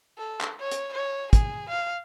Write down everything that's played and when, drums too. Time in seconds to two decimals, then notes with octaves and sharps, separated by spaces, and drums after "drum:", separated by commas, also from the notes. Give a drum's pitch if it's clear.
0.18 A4
0.41 drum: clap
0.60 C#5
0.71 drum: hi-hat
0.94 C#5
1.33 G#4, drum: kick, hi-hat
1.69 F5